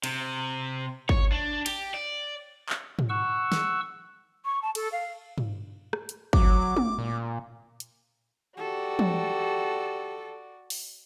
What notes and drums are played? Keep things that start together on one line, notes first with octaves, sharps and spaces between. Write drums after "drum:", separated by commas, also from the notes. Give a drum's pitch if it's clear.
C3, drum: cymbal
C#5, drum: kick
D4
G4, drum: cymbal
D5
drum: clap
drum: tom
F#5 C#6 E6
drum: snare
C#6
A5
A4, drum: cymbal
F5
drum: tom
drum: rim click
drum: hi-hat
F#3 D6, drum: kick
drum: tom
A#2
drum: hi-hat
F#4 G4 A4 D5
drum: tom
drum: open hi-hat